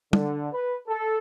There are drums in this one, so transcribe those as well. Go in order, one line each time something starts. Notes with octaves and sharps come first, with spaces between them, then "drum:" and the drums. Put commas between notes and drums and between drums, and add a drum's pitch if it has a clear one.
D3, drum: tom
B4
A4